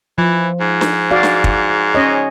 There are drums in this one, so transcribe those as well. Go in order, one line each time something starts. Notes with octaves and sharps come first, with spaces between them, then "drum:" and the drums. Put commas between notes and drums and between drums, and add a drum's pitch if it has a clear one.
E3 F3
G#2
drum: snare
F#4 D5 F5
drum: snare
drum: kick
C#4 C#5 D#5